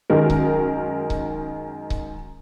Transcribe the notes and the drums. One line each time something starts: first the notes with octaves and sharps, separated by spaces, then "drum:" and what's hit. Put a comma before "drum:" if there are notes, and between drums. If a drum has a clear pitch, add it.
F#2 D#3 G#3 A#4
drum: kick C#1
drum: kick C#1
drum: kick C#1